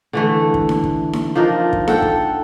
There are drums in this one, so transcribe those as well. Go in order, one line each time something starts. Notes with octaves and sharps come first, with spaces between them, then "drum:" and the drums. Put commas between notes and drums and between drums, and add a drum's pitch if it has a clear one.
D3 E3 A3
drum: kick
drum: snare D#4
drum: kick
drum: snare D#4
F3 D4 D#4 A#4
drum: kick
A4 F#5 G5, drum: snare D#4
drum: kick